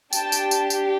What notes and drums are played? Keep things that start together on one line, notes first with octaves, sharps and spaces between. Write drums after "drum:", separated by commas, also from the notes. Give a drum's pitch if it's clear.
D4 G4 G5 A5, drum: tambourine
drum: tambourine
drum: tambourine
drum: tambourine